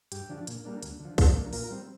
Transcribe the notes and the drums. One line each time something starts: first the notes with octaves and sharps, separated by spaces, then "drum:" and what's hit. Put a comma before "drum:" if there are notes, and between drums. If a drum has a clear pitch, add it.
G2 G4, drum: hi-hat
D3 F3 D4
A#2, drum: hi-hat
G3 A#3 D4
D2, drum: hi-hat
D3 F3
F2, drum: kick B1, open hi-hat
F3 A#3 D4
A#2 F4 A#4, drum: open hi-hat
G3 C4